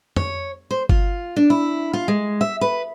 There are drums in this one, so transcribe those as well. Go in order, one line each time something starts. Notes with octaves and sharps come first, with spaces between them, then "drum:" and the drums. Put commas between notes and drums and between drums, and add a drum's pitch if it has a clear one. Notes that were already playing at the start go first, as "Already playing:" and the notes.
C#5, drum: tom F2
C5
F4, drum: kick G1
D4
E4
F4
G#3
E5
B4